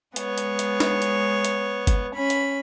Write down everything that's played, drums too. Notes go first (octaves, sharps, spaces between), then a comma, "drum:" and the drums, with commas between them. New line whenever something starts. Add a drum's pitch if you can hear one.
G#3 B3 C#5, drum: hi-hat
drum: hi-hat
drum: hi-hat
drum: snare
drum: hi-hat
drum: hi-hat
drum: kick, hi-hat
C#4 B5
drum: hi-hat